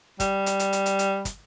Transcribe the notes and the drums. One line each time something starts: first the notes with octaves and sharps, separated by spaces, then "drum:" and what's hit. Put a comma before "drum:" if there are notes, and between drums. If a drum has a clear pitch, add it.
G3, drum: kick, hi-hat
drum: hi-hat
drum: hi-hat
drum: hi-hat
drum: hi-hat
drum: hi-hat
drum: kick, hi-hat